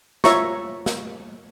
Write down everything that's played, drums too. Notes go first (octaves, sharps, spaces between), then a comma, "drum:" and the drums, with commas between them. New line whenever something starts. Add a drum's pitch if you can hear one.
F4 C#5 E5 A#5 C#6, drum: snare
drum: snare